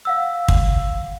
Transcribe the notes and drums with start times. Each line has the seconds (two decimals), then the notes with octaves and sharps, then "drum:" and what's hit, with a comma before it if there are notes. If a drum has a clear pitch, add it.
0.05 F5 F#5 E6
0.48 drum: kick